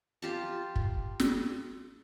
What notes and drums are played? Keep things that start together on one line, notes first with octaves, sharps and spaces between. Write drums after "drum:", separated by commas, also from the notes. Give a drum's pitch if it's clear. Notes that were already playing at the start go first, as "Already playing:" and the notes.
F4 G4 A5
drum: kick
drum: snare